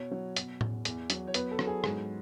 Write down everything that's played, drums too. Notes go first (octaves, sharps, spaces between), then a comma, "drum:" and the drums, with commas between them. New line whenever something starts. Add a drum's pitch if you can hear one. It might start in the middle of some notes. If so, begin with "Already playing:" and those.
Already playing: B2 C#5
F#3
B2, drum: hi-hat
E2, drum: tom A2
E2, drum: hi-hat
F#3, drum: hi-hat
C#5
B3 B4, drum: hi-hat
A4
F#3, drum: rim click
G#4
G#2 G#4, drum: rim click